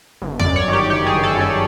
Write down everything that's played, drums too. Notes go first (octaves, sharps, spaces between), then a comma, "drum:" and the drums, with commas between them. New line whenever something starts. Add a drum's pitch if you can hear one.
G1
F#2 D5, drum: tom E2
C#5
D#3
G4
G1 G4
G#4
G1
A4
F#2
A4